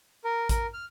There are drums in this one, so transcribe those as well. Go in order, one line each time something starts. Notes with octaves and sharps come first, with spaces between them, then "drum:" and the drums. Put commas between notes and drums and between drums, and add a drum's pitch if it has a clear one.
A#4
A#4, drum: kick A1, hi-hat
F6